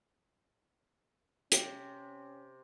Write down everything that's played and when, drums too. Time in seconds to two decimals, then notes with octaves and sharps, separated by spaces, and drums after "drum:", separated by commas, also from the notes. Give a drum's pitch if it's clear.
1.52 C3 C#4 G5, drum: hi-hat